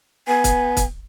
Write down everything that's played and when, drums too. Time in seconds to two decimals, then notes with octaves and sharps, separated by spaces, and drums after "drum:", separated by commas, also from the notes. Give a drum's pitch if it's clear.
0.28 B3 G#5
0.44 drum: kick, hi-hat
0.77 drum: kick, hi-hat